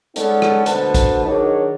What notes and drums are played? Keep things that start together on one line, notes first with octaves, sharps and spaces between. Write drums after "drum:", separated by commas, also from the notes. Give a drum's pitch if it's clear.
G#3 B3 C#4 D#4 A4 D5, drum: hi-hat
drum: rim click
D2 B2 B4 C5 F#5 A5, drum: hi-hat
drum: kick, hi-hat
D#3 F#3 D4 D#4 G#4 C#5